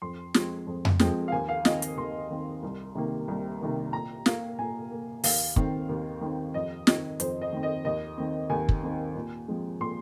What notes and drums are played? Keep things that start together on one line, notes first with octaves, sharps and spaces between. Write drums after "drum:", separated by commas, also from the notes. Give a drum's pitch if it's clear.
F2 C6
F3 G#3 C4, drum: snare
F2
drum: tom F2
F3 G#3 C4, drum: snare
F5
D#2 G#5
F5
D#3 C4 D#5, drum: snare
drum: hi-hat
D#2 C6
D#3 C4
C2
C3 D#3 A#3
C2
C3 D#3 A#3
A#2 A#5
A#3 F5, drum: snare
A#2 G#5
A#3
D#2 F5, drum: open hi-hat
D#3 C4, drum: kick
D#2
D#3 C4
F2 D#5
D#3 C4 D#5, drum: snare
F2 C5, drum: hi-hat
D#5
D#3 C4
D#5
D#2 D#5
D#3 C4
D#2 G#5
drum: kick
D#3 C4
A#2
F3 G#3 C4
A#2 C6